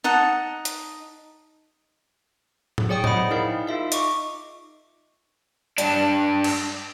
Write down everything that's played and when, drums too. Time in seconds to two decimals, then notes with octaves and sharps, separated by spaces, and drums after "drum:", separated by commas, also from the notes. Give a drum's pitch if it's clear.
0.04 D#4 F#5 A5
0.65 drum: hi-hat
2.78 drum: tom
2.89 G#4 C#5 D5 G5 D#6
3.04 C5 D#5 F#5 G5 B5, drum: tom
3.30 D#4 E4 G#4 A#4 F5
3.67 D#4 F4 E5 F5
3.92 D#5 C#6 D6, drum: hi-hat
5.78 G2 D4, drum: hi-hat
6.44 drum: cymbal